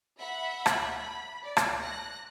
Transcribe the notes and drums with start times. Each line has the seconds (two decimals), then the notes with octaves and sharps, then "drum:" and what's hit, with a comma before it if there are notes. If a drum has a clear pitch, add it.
0.18 E5 F#5 B5
0.66 drum: rim click
0.95 B5
1.43 D5
1.57 drum: rim click
1.79 F#6 A#6